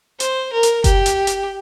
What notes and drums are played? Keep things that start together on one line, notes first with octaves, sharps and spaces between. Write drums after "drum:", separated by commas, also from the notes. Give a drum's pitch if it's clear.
C5, drum: hi-hat
A#4
drum: hi-hat
G4, drum: kick F#1, hi-hat
drum: hi-hat
drum: hi-hat